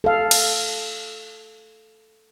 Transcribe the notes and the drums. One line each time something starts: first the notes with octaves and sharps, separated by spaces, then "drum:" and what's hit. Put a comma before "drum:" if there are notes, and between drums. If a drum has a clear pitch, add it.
A4 F5
drum: cymbal